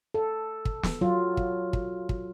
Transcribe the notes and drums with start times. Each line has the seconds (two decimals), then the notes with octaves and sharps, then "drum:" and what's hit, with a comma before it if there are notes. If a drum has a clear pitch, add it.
0.14 A4
0.65 drum: kick
0.83 drum: snare
1.01 F#3 F4
1.37 drum: kick
1.73 drum: kick
2.09 drum: kick